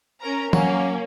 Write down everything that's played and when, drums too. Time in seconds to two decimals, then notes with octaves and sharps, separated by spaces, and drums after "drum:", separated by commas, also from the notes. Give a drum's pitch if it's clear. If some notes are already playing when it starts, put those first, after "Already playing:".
0.21 C#4 A#4 A#5
0.53 F#3 A#3 C#4, drum: tom